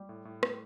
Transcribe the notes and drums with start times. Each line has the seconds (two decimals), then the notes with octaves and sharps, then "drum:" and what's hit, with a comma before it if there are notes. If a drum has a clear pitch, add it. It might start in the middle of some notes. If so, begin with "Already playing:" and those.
Already playing: G3 G4
0.09 A2
0.25 A2
0.43 A3, drum: rim click